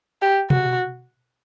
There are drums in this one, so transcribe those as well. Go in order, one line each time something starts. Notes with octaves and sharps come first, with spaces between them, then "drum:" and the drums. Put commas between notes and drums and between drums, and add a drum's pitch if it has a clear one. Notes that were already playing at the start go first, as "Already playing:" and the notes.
G4
F#4, drum: tom B2